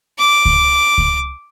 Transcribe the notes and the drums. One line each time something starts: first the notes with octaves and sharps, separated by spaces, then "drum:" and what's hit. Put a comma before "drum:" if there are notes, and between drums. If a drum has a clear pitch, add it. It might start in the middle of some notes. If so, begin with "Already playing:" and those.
D6
drum: kick C#2
drum: kick C#2